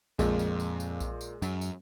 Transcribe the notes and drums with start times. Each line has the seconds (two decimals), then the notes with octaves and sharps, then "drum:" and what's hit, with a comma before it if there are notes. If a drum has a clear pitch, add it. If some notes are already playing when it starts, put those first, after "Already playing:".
0.19 F2 A#2 G#3, drum: kick A#1, tambourine
0.39 drum: tambourine
0.60 drum: tambourine
0.80 drum: tambourine
1.00 drum: kick A#1, tambourine
1.21 drum: tambourine
1.42 F#2, drum: tambourine
1.61 drum: tambourine